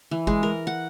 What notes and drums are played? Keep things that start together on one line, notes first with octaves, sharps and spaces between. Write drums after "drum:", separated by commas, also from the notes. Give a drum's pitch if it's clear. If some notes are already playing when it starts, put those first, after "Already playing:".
E3
G#3, drum: kick G1
A#4
F#5